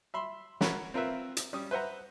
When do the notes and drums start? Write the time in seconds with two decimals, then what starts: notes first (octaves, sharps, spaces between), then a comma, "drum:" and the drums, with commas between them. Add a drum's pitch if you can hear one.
0.14 E5 B5 C6
0.61 F#4 A#4 C#5 B5, drum: snare
0.94 C4 F4 A#4 B4 E5
1.37 drum: hi-hat
1.53 G3 C#4 D#6
1.71 B4 C5 E5 F#5 A#5